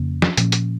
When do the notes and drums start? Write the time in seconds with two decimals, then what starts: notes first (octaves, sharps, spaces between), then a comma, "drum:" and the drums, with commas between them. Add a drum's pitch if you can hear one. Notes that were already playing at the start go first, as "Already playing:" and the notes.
Already playing: F2 C#3 A#3 C#4
0.22 drum: snare
0.37 A#2 F3 C#4, drum: hi-hat
0.52 drum: hi-hat